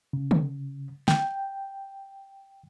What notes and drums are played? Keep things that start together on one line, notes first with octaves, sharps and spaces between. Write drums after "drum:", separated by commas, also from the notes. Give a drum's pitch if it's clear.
C#3
drum: tom D3
G5, drum: snare